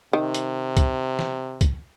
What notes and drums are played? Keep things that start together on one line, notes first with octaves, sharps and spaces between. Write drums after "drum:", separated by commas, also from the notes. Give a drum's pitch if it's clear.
C3 D#3
drum: hi-hat
drum: kick, hi-hat
drum: snare
drum: kick, hi-hat